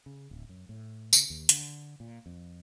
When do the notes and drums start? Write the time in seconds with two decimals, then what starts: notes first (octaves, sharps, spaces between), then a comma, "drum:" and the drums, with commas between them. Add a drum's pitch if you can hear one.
0.06 C#3
0.31 D1
0.49 F#2
0.69 A2
1.13 C#3, drum: tambourine
1.30 D#2
1.49 D3, drum: hi-hat
2.00 A#2
2.26 F2